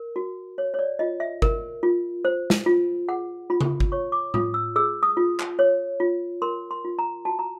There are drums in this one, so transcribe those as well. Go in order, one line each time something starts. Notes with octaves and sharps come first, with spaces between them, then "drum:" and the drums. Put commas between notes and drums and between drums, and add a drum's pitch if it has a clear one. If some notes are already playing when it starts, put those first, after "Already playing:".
Already playing: A#4
F#4
C#5
C#5
D5
F4 D#5
E5
A#4, drum: kick G1
F4
C5
drum: snare
F4
G#4 F#5
F4 B5
drum: tom C#3
drum: kick G1
C#5 C#6
D6
F4 D#6, drum: tom A2
E6
G#4 E6
D#6
F4
drum: clap
C#5
F4
A#4 C6
C6
F4
A#5
F#4 A5
A#5